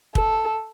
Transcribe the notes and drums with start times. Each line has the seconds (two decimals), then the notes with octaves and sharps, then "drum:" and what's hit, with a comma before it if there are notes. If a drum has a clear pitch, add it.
0.15 A4, drum: kick